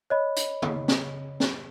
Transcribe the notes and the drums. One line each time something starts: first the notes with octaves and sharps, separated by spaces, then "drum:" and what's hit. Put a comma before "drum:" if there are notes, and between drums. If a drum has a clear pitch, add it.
C#5 D#5 B5
drum: hi-hat
drum: tom
drum: snare
drum: snare